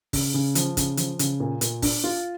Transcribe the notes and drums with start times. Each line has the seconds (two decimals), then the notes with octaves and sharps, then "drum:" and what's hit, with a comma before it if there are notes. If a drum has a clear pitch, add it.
0.13 C#3, drum: kick G1, open hi-hat
0.34 C#3
0.55 F3, drum: hi-hat
0.77 C#3, drum: kick G1, hi-hat
0.97 F3, drum: hi-hat
1.19 C#3, drum: hi-hat
1.40 A#2
1.61 A#2, drum: hi-hat
1.82 D4, drum: kick G1, open hi-hat
2.04 F4